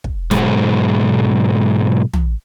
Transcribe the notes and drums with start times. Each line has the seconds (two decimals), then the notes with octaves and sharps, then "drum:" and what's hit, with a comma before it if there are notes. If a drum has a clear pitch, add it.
0.04 drum: kick
0.31 B1 G#2, drum: snare
2.13 drum: tom